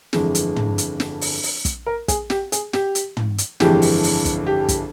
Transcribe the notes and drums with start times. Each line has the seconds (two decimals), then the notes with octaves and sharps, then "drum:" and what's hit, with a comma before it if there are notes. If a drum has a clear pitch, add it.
0.13 G1 F2 E3 G#3, drum: snare
0.35 drum: hi-hat
0.56 drum: tom
0.78 drum: hi-hat
1.00 drum: snare
1.21 drum: open hi-hat
1.43 drum: open hi-hat
1.65 drum: kick, hi-hat
1.86 A#4
2.08 G#4, drum: kick, hi-hat
2.30 G4, drum: snare
2.52 G#4, drum: hi-hat
2.73 G4, drum: snare
2.95 drum: hi-hat
3.17 drum: tom
3.38 drum: hi-hat
3.60 G1 F2 E3 G#3 G4, drum: snare
3.82 drum: open hi-hat
4.03 drum: open hi-hat
4.25 drum: kick, hi-hat
4.47 G4
4.69 drum: kick, hi-hat